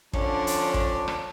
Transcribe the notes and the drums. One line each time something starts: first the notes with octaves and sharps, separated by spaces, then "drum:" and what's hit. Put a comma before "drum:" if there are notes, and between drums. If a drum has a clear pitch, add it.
D3 F3 C#4 D4, drum: kick
drum: hi-hat
drum: kick
drum: rim click